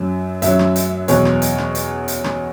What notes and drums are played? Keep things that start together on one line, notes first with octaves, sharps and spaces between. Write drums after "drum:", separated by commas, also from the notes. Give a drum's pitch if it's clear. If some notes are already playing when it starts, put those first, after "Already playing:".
Already playing: F#2 F#3
F#2 F#3 E5, drum: hi-hat
drum: rim click
drum: hi-hat
E2 B2 F#3 C#5, drum: hi-hat
drum: rim click
drum: hi-hat
drum: rim click
drum: hi-hat
drum: hi-hat
drum: rim click